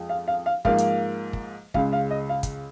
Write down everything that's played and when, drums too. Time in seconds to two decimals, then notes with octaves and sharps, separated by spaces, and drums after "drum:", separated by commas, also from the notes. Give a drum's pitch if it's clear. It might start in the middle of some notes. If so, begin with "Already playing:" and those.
Already playing: F2 F3 G#3
0.09 F5
0.28 F5
0.46 F5
0.65 G#2 F3 A#3 F5, drum: kick
0.78 drum: hi-hat
1.33 drum: kick
1.74 C#2 C#3 G#3 F5, drum: kick
1.93 F5
2.11 D#5
2.29 F5
2.43 drum: kick, hi-hat